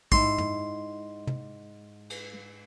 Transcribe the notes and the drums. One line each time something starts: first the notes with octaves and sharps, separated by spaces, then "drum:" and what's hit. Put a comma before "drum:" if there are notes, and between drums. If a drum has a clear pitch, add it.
G#2 E4 C6, drum: kick
drum: tom
drum: tom
drum: cymbal